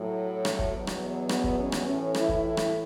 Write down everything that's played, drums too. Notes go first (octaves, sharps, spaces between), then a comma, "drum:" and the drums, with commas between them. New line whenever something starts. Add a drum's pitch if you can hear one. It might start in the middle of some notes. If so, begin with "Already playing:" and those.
Already playing: A2 F#3
drum: rim click
drum: kick
E2 B2 F#3
drum: rim click
B3, drum: rim click
drum: kick
C#4
drum: rim click
A2 E3 C#4
E4, drum: rim click
drum: kick
E4
drum: rim click